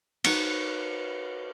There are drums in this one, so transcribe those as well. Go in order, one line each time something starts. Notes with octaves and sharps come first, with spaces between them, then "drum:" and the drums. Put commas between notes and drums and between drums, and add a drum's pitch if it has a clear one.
D#4 F#4 A#4 B4 C#5, drum: cymbal